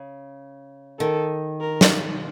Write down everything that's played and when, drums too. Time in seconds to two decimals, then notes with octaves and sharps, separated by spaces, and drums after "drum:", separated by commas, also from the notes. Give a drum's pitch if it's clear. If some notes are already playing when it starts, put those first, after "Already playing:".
Already playing: C#3
0.99 D#3 A4
1.61 A#4
1.81 drum: snare